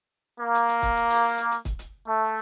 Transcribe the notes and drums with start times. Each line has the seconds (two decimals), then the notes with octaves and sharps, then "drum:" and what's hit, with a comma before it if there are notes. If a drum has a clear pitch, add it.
0.40 A#3
0.55 drum: hi-hat
0.69 drum: hi-hat
0.82 drum: kick, hi-hat
0.96 drum: hi-hat
1.10 drum: open hi-hat
1.38 drum: hi-hat
1.51 drum: hi-hat
1.65 drum: kick, hi-hat
1.79 drum: hi-hat
2.06 A3